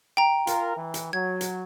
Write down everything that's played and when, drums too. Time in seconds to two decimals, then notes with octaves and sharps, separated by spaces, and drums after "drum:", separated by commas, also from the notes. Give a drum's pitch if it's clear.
0.17 G5 A#5
0.47 F4 A#4, drum: hi-hat
0.77 E3
0.94 drum: hi-hat
1.13 F#3 G#6
1.41 drum: hi-hat